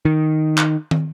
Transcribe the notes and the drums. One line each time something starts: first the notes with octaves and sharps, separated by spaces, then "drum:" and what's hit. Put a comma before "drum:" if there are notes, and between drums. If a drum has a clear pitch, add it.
D#3
drum: clap
drum: tom